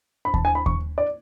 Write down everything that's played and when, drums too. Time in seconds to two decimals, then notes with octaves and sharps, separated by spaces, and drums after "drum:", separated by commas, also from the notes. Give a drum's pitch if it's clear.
0.25 B5
0.34 A5, drum: kick D#2
0.45 G#5
0.55 B5
0.66 C#6, drum: kick D#2
0.98 D5